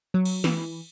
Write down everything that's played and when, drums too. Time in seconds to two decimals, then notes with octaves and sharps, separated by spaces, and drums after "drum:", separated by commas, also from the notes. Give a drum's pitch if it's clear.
0.14 F#3
0.25 drum: cymbal
0.44 E3, drum: snare